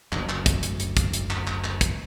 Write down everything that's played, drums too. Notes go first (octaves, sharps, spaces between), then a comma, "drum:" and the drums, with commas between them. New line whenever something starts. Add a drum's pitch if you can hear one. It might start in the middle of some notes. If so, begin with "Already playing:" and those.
F#1 D2, drum: clap
drum: clap
drum: kick, hi-hat
drum: hi-hat
drum: hi-hat
drum: kick, hi-hat
drum: hi-hat
drum: clap
drum: clap
drum: clap
drum: kick, hi-hat